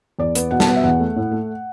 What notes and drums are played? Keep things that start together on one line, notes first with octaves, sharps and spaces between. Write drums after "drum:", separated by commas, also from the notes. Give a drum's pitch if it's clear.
E2 D5
B3, drum: hi-hat
B2 F#5
A5, drum: snare
B3 F#5
E5
E2 F#5
A3
A2
A3